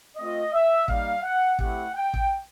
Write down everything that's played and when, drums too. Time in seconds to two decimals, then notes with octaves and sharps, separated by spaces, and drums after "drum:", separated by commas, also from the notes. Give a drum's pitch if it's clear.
0.17 A3 C4 F4 D#5
0.53 E5
0.88 G3 A#3 D#4 F5, drum: kick
1.23 F#5
1.59 A3 C4 E4 G4 F#5, drum: kick
1.94 G5
2.14 drum: kick